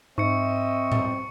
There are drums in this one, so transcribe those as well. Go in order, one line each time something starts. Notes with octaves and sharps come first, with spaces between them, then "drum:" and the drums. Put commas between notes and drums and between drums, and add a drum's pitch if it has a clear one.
G#2 C4 D#5 E5 C#6 C#7
drum: tom A2